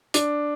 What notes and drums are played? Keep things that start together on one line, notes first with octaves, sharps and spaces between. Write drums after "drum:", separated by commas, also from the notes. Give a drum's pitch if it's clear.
D4, drum: hi-hat